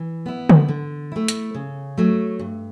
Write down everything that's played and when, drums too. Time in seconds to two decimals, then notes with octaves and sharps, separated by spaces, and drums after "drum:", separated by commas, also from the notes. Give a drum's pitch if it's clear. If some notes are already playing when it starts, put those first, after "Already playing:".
Already playing: E3
0.26 B3 E4
0.49 drum: tom D3
0.68 D3
1.12 A3 E4
1.28 drum: hi-hat
1.54 C#3
1.97 F#3 A3
2.39 G2